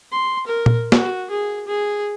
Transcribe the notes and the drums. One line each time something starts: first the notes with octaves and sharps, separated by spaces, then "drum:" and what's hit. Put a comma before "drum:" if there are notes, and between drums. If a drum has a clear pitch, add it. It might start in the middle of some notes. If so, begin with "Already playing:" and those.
C6
A#4
drum: tom A#2
F#4, drum: snare
G#4
G#4